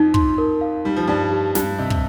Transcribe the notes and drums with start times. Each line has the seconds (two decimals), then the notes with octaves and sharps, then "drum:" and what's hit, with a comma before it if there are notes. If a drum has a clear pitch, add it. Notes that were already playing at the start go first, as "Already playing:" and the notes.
Already playing: F2 F3 D#4
0.14 C6, drum: kick
0.38 A#4
0.61 F5
0.85 G3 D#4
0.96 F3
1.07 G2 G3 D5
1.32 G4
1.55 G2 G3 G4, drum: snare
1.79 C3 D#5
1.90 drum: kick